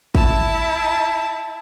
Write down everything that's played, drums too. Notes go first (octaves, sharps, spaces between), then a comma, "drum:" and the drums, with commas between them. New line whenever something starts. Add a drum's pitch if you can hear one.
E4 A5, drum: kick